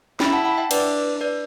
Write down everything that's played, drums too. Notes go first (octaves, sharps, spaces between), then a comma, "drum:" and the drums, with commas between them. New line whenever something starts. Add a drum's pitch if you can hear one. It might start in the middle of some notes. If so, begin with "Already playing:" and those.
E4 G5 B5, drum: snare
F#5 A5
F#5 A5
E5 G5
D4 B4 D5, drum: cymbal
B4 D5